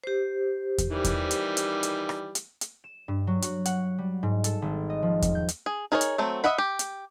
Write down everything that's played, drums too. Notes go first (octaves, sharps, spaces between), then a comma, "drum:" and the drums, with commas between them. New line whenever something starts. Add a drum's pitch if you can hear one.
G4 C5
drum: kick E2, hi-hat
D#3 E3 G3
drum: kick E2, hi-hat
drum: hi-hat
drum: hi-hat
drum: hi-hat
drum: rim click
drum: hi-hat
drum: hi-hat
E7
G2
F#3
F#4, drum: hi-hat
F#5, drum: hi-hat
G3
G#2
A4, drum: hi-hat
G#1
D#5
F3
drum: kick E2, hi-hat
G6
drum: hi-hat
G#4
D#4 G#4 A#4 C5 C#5
drum: hi-hat
F#3 A3 C4
D#5 E5 F#5 B5
G4
drum: hi-hat